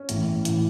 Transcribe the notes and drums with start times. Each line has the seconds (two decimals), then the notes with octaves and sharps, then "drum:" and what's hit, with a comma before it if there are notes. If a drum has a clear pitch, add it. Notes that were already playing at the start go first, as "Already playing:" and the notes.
Already playing: C#4
0.09 A1 A2 E3, drum: hi-hat
0.45 A2 E3, drum: hi-hat